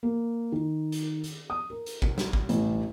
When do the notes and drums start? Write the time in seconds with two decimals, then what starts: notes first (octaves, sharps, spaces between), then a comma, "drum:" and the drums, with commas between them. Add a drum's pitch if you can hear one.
0.03 A#3
0.52 D#3
0.92 drum: hi-hat
1.24 drum: hi-hat
1.50 D#6
1.70 A#4
1.86 drum: hi-hat
2.02 drum: kick
2.18 drum: snare
2.33 drum: kick
2.49 A1, drum: hi-hat